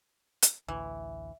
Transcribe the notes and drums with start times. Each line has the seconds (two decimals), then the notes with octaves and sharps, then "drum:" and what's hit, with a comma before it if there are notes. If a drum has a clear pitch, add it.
0.42 drum: hi-hat
0.68 A1 D2 E3